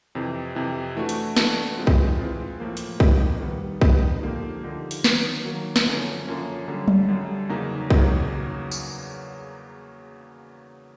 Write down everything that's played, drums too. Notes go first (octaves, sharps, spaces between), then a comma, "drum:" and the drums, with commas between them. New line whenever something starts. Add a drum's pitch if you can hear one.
F2 C3 E3
F2 C3 E3
E3 A3 D4 F#4
drum: hi-hat
E3 A3 D4 F#4, drum: snare
E3 G#3 C4 F4
drum: kick
E3 G#3 C4 F4
A2 F3 A#3
drum: hi-hat
A2 F3 A#3, drum: kick
D#3 G3 B3
D#3 G3 B3, drum: kick
D3 F3 A#3 D#4 G4
D3 F3 A#3 D#4 G4
drum: hi-hat
D#3 F#3 A#3, drum: snare
D#3 F#3 A#3
drum: snare
F#2 D3 F3 A#3 C#4
F#2 D3 F3 A#3 C#4
F#2 D3 G3
drum: tom F#3
F#2 D3 G3
E2 C#3 F#3 A#3 D#4
E2 C#3 F#3 A#3 D#4, drum: kick
drum: tambourine